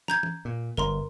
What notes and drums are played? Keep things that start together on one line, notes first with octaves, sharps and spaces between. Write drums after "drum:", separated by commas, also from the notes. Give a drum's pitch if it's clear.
A#5 G6 G#6, drum: snare
drum: tom
A#2
G1 A#4 A#5 C6